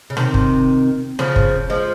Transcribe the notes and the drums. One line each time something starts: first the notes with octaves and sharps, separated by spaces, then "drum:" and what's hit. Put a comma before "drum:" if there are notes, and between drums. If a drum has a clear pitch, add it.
C#3
C3 D#3, drum: rim click
drum: kick
C#3 F3, drum: rim click
drum: kick
F3 G#3